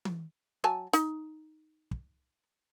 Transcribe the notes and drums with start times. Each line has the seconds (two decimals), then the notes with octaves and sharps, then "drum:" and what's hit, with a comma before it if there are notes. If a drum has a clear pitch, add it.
0.05 drum: tom E3
0.64 F#3 G#5 A5
0.93 D#4, drum: hi-hat
1.91 drum: kick